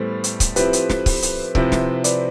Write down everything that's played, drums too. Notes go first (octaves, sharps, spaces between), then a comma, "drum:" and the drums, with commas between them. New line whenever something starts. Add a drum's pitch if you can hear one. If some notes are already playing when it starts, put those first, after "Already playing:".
Already playing: A2 E3 G3 B3 A4 C5
drum: hi-hat
drum: kick C#1, hi-hat
F3 C4 E4 G4 B4, drum: hi-hat
drum: hi-hat
drum: snare
drum: kick C#1, open hi-hat
drum: hi-hat
C3 F3 C4 E4, drum: kick C#1
drum: snare
B4 D5, drum: hi-hat